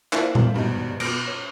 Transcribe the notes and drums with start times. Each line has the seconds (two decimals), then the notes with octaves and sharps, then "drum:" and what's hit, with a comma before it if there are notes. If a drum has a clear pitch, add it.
0.13 A#3 D4 E4 F4 C5 F5, drum: clap
0.35 drum: tom A#2
0.54 G#1 G2 B2 D#4
1.00 B2 F6 A#6 D7, drum: cymbal
1.27 C#5